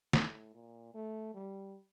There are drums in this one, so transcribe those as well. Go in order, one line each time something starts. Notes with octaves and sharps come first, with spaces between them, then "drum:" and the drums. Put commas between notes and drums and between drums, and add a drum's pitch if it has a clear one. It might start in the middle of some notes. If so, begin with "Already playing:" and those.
A2, drum: snare
A#2
A3
G3